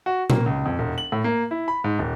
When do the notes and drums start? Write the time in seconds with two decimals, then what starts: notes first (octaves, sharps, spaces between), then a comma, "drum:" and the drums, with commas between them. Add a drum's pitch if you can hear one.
0.06 F#4
0.30 A#3, drum: tom A#2
0.46 C#2
0.65 F2
0.79 E1
0.98 F#7
1.12 A2
1.24 A#3
1.51 E4
1.68 B5
1.84 G#2
1.99 D#1